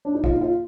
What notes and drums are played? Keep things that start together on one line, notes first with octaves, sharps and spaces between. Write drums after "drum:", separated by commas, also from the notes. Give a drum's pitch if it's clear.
D4
D#4
F4, drum: kick
D#4
F4